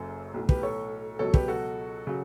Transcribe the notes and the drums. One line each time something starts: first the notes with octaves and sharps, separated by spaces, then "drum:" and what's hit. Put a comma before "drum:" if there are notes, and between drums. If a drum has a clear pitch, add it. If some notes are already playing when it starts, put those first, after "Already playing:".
Already playing: F#1 F#2 C#3 F#3 A4
B1 A2 E3
G4 B4, drum: kick
A4 C#5
C#2 B2 F#3 A4 C#5
G4 B4, drum: kick
F#4 A4
C#3 F#3